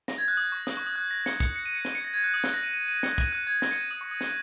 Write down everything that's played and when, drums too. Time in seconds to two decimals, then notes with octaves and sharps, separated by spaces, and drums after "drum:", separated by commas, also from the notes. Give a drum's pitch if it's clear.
0.08 A#6, drum: snare
0.18 G#6
0.28 F#6
0.37 D#6
0.52 C#6
0.67 D#6, drum: snare
0.77 C#6
0.86 D#6
0.96 F#6
1.11 A#6
1.26 C#7, drum: snare
1.40 C#7, drum: kick
1.56 C#7
1.66 D#7
1.75 C#7
1.85 D#7, drum: snare
1.95 C#7
2.04 A#6
2.14 G#6
2.24 F#6
2.34 D#6
2.44 F#6, drum: snare
2.54 A#6
2.63 D#7
2.74 D#7
2.88 D#7
3.03 C#7, drum: snare
3.18 A#6, drum: kick
3.33 F#6
3.47 G#6
3.62 A#6, drum: snare
3.71 C#7
3.81 D#7
3.91 D#6
4.01 C#6
4.11 D#6
4.21 F#6, drum: snare